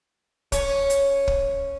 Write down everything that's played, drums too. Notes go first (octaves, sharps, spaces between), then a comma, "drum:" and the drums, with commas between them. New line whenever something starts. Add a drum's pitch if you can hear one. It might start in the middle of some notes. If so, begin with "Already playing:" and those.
C#4 C#5, drum: kick, hi-hat
drum: hi-hat
drum: kick